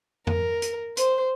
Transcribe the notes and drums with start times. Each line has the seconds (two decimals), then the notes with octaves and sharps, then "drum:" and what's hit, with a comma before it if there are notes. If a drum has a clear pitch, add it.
0.27 A#4, drum: tom F2
0.62 drum: hi-hat
0.97 C5, drum: hi-hat